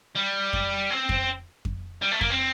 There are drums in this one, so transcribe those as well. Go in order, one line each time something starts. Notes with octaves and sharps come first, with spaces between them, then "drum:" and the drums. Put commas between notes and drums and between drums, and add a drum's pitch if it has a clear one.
G3
drum: kick F2
C4
drum: kick F2
drum: kick F2
G3
A3
A#3, drum: kick F2
C4